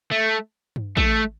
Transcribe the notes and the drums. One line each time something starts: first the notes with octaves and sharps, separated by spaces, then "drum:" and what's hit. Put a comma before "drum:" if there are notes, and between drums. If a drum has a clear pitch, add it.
A3
drum: tom G2
A3, drum: kick